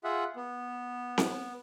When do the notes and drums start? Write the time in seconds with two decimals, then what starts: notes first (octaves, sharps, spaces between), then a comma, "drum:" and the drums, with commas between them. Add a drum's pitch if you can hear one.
0.04 F4 G#4 E5 F#5
0.36 B3
1.18 drum: snare C4